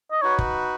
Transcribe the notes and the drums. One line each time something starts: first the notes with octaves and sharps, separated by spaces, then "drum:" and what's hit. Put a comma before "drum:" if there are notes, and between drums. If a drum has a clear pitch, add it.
D#5
D#4 F#4 B4 C#5
drum: kick